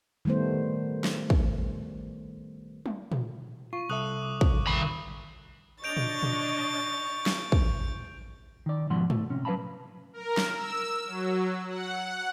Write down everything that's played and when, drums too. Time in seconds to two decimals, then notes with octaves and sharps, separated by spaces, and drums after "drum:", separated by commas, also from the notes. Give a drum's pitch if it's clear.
0.25 D#3 G3 A3 B3 C5
1.04 drum: snare
1.30 drum: kick
2.86 drum: tom
3.12 drum: tom
3.73 F4 C#6
3.89 C2 A4 E5 D#6 F#6 F#7
4.23 D6
4.41 drum: kick
4.67 D#3 B5 C#6
5.84 D4 C#5 D#5 C#6 G6 A6 D7 F7
5.97 drum: tom
6.23 drum: tom
7.26 drum: snare
7.52 drum: kick
8.66 D#3 D5
8.90 G#2 B2 F3 F#5 C6
9.10 A3, drum: tom
9.30 C3 C#4
9.45 F#3 B4 E5 F5 A5 B5
10.13 A#4
10.37 drum: snare
10.55 E6
11.07 F#3
11.68 F#5